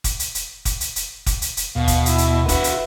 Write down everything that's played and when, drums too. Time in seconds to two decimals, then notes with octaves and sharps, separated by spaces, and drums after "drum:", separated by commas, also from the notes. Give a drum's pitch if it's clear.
0.04 drum: kick, hi-hat
0.19 drum: hi-hat
0.35 drum: hi-hat
0.65 drum: kick, hi-hat
0.81 drum: hi-hat
0.96 drum: hi-hat
1.26 drum: kick, hi-hat
1.42 drum: hi-hat
1.57 drum: hi-hat
1.76 D#2 B2 F5
1.88 drum: kick, hi-hat
2.06 E4, drum: hi-hat
2.18 drum: hi-hat
2.49 E4 F#4 B4 E5, drum: kick, hi-hat
2.64 drum: hi-hat